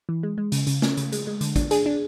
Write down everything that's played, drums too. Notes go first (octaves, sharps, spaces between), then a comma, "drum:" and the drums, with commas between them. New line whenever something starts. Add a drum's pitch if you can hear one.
E3
G#3
G#3
C#3, drum: hi-hat
C#3, drum: hi-hat
C#4, drum: snare
C#3, drum: hi-hat
G#3, drum: hi-hat
G#3
D3, drum: hi-hat
D4, drum: kick, hi-hat
D4 G#4, drum: hi-hat
D4